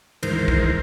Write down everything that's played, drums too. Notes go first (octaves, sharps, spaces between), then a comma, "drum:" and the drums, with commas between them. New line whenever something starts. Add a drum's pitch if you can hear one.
D2 G#2 D#3 E3 A#4 C5, drum: cymbal
drum: kick